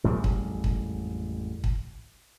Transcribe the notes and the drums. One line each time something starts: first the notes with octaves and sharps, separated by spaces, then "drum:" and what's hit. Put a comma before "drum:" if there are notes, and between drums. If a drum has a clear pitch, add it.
A1 F2 G3 G#3
drum: kick
drum: kick
drum: kick